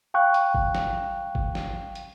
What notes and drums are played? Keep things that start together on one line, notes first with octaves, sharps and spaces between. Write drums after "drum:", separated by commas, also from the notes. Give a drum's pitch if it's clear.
F5 G5 C#6 F#6
drum: hi-hat
drum: kick G#1
drum: snare
drum: kick G#1
drum: snare
drum: hi-hat